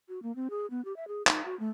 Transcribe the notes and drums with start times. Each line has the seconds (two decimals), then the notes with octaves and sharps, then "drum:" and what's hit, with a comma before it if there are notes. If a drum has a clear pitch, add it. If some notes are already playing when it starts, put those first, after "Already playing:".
0.09 F#4
0.23 A#3
0.36 C4
0.50 G#4
0.70 B3
0.85 G4
0.96 E5
1.08 G#4
1.27 D#4, drum: clap
1.45 F#4
1.60 A3